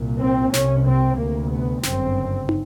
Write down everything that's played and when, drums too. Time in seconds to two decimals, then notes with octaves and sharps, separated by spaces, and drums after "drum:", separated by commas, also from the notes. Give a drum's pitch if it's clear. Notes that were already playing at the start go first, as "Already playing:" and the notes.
Already playing: C2 A#2
0.21 C4
0.54 C2 C3 C#4, drum: snare
0.87 C4
1.18 D2 C3 A#3
1.51 B3
1.83 G1 F#2 C#3 C4, drum: snare
2.49 drum: tom